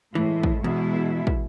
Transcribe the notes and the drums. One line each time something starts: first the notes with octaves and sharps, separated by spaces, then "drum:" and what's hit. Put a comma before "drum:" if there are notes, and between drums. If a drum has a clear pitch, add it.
A2 E3 G#3
drum: kick
E2 B2 G#3 E4
drum: kick